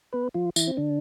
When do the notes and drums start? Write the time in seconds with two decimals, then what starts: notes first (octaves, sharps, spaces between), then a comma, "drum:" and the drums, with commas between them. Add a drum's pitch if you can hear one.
0.13 B3 B4
0.34 F3 F4
0.56 E3 E4, drum: tambourine
0.67 C4
0.77 D3 D4